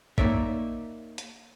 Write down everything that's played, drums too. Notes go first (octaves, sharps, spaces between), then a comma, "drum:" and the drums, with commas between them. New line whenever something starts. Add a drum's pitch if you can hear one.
A#3 D#4 C#5 D5 E5, drum: kick A1
drum: hi-hat